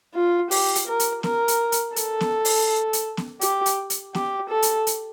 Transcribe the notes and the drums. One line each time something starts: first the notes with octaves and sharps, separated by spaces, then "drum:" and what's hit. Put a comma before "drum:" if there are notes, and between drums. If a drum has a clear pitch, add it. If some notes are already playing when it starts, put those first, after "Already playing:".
F4
G4, drum: open hi-hat
drum: hi-hat
A#4
drum: hi-hat
A#4, drum: snare B3
drum: hi-hat
drum: hi-hat
A4, drum: hi-hat
drum: snare B3
drum: open hi-hat
drum: hi-hat
drum: snare B3
G4, drum: hi-hat
drum: hi-hat
drum: hi-hat
G4, drum: snare B3
A4
drum: hi-hat
drum: hi-hat